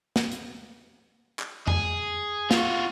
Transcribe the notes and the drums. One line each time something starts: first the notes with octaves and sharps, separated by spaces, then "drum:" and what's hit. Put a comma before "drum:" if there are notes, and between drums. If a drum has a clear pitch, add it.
drum: snare
drum: hi-hat
drum: clap
G#4, drum: tom F2
F4 F#4, drum: snare